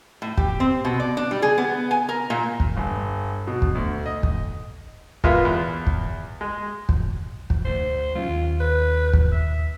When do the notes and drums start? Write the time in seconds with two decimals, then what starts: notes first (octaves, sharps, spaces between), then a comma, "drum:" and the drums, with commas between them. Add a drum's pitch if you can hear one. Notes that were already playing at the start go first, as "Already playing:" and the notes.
0.22 A2
0.37 G4, drum: kick
0.60 C4
0.85 B2
1.00 D5
1.17 D4
1.31 G3
1.42 G#4
1.58 B3
1.91 G#5
2.09 A#4
2.30 A#2
2.60 drum: kick
2.77 G1
3.47 B2
3.62 drum: kick
3.75 D2
4.06 D#5
4.23 drum: kick
5.24 G#3 A#3 B3 F4 E5, drum: kick
5.45 E2
5.87 drum: kick
6.41 G#3
6.89 drum: kick
7.50 drum: kick
7.65 D2 C5
8.15 F#3 C4 C#4 F4
8.28 D#2
8.60 B4
9.13 drum: kick
9.32 E5